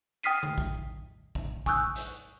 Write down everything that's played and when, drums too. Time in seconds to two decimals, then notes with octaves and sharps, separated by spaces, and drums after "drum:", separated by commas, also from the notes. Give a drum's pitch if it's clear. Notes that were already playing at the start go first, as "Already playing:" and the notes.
0.23 G5 D#6 F6 B6 C7 D#7
0.43 drum: tom D3
0.58 drum: kick
1.35 drum: kick
1.66 G#5 C#6 D#6 E6 F#6 G6, drum: kick
1.95 drum: hi-hat